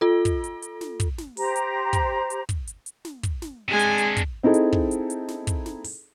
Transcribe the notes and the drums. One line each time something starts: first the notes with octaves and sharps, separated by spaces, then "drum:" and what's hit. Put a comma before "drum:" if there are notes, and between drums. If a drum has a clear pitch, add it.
F4 A4
drum: kick, hi-hat
drum: hi-hat
drum: hi-hat
drum: snare
drum: kick, hi-hat
drum: snare
G4 C5 A#5, drum: open hi-hat
drum: hi-hat
drum: kick, hi-hat
drum: hi-hat
drum: kick, hi-hat
drum: hi-hat
drum: hi-hat
drum: snare
drum: kick, hi-hat
drum: snare
C3 G#3 D4 G#5
drum: hi-hat
drum: hi-hat
drum: kick, hi-hat
C4 D#4 E4 G#4 A4
drum: hi-hat
drum: kick
drum: hi-hat
drum: hi-hat
drum: snare
drum: kick, hi-hat
drum: snare
drum: open hi-hat